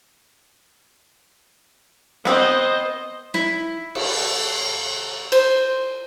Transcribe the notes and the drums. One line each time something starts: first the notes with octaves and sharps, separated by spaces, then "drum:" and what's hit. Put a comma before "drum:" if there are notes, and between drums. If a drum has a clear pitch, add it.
B3 C4 C5 D#5, drum: snare
E4, drum: snare
A4, drum: cymbal
C5, drum: cymbal